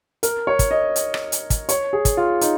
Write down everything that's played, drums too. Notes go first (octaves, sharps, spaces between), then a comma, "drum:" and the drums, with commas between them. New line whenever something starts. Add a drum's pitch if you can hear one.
A#4, drum: hi-hat
C#5
drum: kick, hi-hat
D#5
drum: hi-hat
drum: rim click
drum: hi-hat
drum: kick, hi-hat
C#5, drum: hi-hat
G#4
drum: kick, hi-hat
F4
D#4, drum: hi-hat